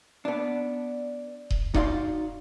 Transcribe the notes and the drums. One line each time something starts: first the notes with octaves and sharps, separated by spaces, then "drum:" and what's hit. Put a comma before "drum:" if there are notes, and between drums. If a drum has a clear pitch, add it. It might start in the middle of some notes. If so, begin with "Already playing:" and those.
B3 D4
drum: kick D#1
D#4 F#4 D5 F5 A#5 C6, drum: kick D#1